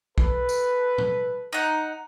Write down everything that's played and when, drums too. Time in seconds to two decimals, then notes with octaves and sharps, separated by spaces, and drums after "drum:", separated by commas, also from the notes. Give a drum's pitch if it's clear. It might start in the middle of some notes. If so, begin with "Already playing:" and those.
0.18 A4 B4, drum: kick B1
0.49 drum: tambourine
0.98 drum: tom A2
1.53 D#4 F#5